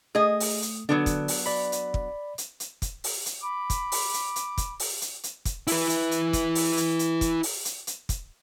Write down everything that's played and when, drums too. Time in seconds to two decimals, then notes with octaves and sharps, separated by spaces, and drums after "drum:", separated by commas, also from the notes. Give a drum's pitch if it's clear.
0.15 A3 G#4 D#5 D#6
0.40 drum: open hi-hat
0.62 drum: hi-hat
0.89 D3 F#3 B3 D4
1.06 drum: kick, hi-hat
1.28 drum: open hi-hat
1.46 D5 B5
1.72 drum: hi-hat
1.94 drum: kick
2.38 drum: hi-hat
2.60 drum: hi-hat
2.82 drum: kick, hi-hat
3.04 drum: open hi-hat
3.26 drum: hi-hat
3.43 B5 D6
3.70 drum: kick, hi-hat
3.92 drum: open hi-hat
4.14 drum: hi-hat
4.36 drum: hi-hat
4.58 drum: kick, hi-hat
4.80 drum: open hi-hat
5.01 drum: hi-hat
5.23 drum: hi-hat
5.45 drum: kick, hi-hat
5.67 E4 B4, drum: open hi-hat
5.89 drum: hi-hat
6.11 drum: hi-hat
6.33 drum: kick, hi-hat
6.55 drum: open hi-hat
6.77 drum: hi-hat
6.99 drum: hi-hat
7.21 drum: kick, hi-hat
7.43 drum: open hi-hat
7.65 drum: hi-hat
7.87 drum: hi-hat
8.09 drum: kick, hi-hat